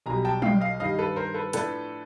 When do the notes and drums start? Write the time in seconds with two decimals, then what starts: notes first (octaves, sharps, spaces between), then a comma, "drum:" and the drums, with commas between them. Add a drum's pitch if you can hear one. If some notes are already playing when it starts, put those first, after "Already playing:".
0.06 B1 B2 G3 G#5 A#5
0.25 G5 A5
0.42 F5 G5, drum: tom F#3
0.61 D#5 F5
0.80 G2 D#3 G3 D#5 F5
0.99 A4 B4
1.16 A#4 C5
1.34 A4 B4
1.53 A2 F3 A3 D4 A4 B4, drum: hi-hat